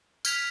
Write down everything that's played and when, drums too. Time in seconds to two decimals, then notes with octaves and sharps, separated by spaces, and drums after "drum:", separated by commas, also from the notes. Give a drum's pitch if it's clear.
0.25 F6 G#6 B6 F7, drum: tambourine